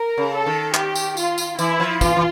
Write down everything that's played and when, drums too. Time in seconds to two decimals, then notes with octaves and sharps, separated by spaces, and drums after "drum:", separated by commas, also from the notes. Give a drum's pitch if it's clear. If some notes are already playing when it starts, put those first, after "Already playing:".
Already playing: A#4
0.18 C#3
0.32 A4
0.46 D#3
0.74 G4, drum: clap
0.95 drum: tambourine
1.17 F4, drum: tambourine
1.38 drum: tambourine
1.59 E3 E4, drum: tambourine
1.80 F3
2.01 E3 F4, drum: kick, tambourine
2.16 E3